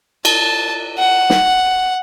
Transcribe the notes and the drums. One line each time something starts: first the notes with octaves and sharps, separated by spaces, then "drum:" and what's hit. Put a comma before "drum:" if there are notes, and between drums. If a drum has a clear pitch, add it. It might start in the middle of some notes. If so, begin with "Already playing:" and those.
A5, drum: cymbal
F#5
drum: snare